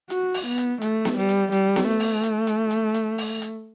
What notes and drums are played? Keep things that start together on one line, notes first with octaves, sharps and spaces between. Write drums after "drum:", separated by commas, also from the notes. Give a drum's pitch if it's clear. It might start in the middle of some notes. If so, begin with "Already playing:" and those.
F#4, drum: hi-hat
drum: open hi-hat
B3
drum: hi-hat
A3, drum: hi-hat
drum: snare B3
G3
drum: hi-hat
G3, drum: hi-hat
drum: snare B3
A3
drum: open hi-hat
drum: hi-hat
drum: hi-hat
drum: hi-hat
drum: hi-hat
drum: open hi-hat
drum: hi-hat